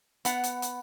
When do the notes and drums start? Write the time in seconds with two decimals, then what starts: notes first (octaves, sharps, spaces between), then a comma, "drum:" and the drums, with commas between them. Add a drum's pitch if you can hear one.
0.25 B3 F#5, drum: hi-hat
0.44 drum: hi-hat
0.62 drum: hi-hat